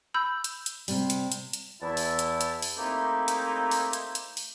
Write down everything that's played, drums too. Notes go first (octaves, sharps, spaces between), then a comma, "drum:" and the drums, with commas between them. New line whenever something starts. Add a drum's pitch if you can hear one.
B5 E6 G6
drum: hi-hat
drum: hi-hat
C3 G3, drum: open hi-hat
drum: hi-hat
drum: hi-hat
drum: hi-hat
E2 E4 A5
drum: open hi-hat
drum: hi-hat
drum: hi-hat
drum: open hi-hat
A3 A#3 C4 D#4 E4 G4
drum: hi-hat
drum: open hi-hat
drum: hi-hat
drum: hi-hat
drum: open hi-hat